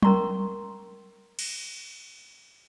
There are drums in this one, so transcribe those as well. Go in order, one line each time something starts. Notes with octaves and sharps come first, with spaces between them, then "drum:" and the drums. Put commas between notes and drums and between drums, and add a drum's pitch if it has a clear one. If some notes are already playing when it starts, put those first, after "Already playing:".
C#4 A#4 A#5 C6 C#6, drum: tom F#3
drum: cymbal